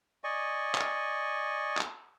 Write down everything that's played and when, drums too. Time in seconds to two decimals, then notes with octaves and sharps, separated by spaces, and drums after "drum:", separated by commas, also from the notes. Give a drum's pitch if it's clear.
0.24 D5 D#5 G#5 C#6
0.75 drum: clap
1.77 drum: clap